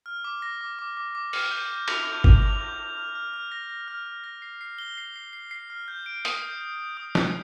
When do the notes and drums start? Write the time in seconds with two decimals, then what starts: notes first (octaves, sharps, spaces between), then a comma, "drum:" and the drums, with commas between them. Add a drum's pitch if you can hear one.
0.06 F6
0.24 D6
0.42 A#6
0.61 D6
0.79 D6
0.97 D6
1.15 D6
1.33 F6, drum: open hi-hat
1.51 G6
1.70 G6
1.88 F7, drum: cymbal
2.05 G6
2.24 G6, drum: kick G1
2.42 F7
2.61 G6
2.79 G6
2.97 F6
3.15 F6
3.34 F6
3.52 A#6
3.70 A#6
3.88 F6
4.06 F6
4.24 A#6
4.42 C7
4.61 C7
4.79 G7
4.98 C7
5.16 C7
5.33 C7
5.51 C7
5.70 F6
5.88 G6
6.06 D7
6.25 D#6, drum: hi-hat
6.42 G6
6.61 G6
6.79 G6
6.97 D#6
7.15 D#6, drum: snare